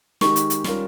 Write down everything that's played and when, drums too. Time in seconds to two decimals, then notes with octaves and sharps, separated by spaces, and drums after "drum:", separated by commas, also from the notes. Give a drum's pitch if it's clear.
0.21 D#3 G#3 D#4 G4 A#4 C#6, drum: snare
0.36 drum: hi-hat
0.50 drum: hi-hat
0.64 G3 C#4 F4 A#4, drum: snare